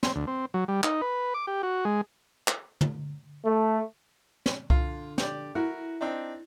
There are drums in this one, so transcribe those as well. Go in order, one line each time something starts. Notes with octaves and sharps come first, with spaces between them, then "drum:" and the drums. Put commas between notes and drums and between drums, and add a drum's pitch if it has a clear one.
C4, drum: snare
D2
C4
F#3
G3
D#4, drum: clap
B4
D6
G4
F#4
G#3
drum: clap
drum: tom
A3
drum: snare
D3 F4, drum: kick C2
G4 D5, drum: snare
E4 F#4 A#4
C4 D4 D#4